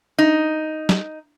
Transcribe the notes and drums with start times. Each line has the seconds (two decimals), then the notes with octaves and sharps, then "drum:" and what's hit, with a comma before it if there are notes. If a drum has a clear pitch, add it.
0.18 D#4
0.89 drum: snare